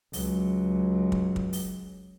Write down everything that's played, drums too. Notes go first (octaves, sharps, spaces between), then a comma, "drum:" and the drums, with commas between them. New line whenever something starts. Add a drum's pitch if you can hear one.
C#2 F#3, drum: open hi-hat
drum: kick
drum: kick
drum: open hi-hat